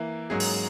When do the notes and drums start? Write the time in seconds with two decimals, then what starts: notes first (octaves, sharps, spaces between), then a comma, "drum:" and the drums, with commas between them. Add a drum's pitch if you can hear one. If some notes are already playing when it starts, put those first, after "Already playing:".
Already playing: E3 A#3 E4
0.30 G#2 F#3 A#3 C#4 G#4
0.40 drum: open hi-hat